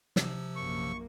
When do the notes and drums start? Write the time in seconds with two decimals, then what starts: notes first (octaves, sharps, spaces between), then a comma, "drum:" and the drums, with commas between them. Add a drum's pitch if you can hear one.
0.16 C3 F3 E6, drum: snare
0.56 A#1 F#2 A#3 C#6